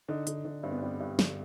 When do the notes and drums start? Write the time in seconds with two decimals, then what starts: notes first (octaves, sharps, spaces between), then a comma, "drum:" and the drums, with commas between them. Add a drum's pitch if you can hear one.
0.08 D3 D#4
0.27 D3, drum: hi-hat
0.45 D3
0.63 G2 C4
0.71 B3
0.78 G3 C4
1.01 G2
1.19 D3, drum: snare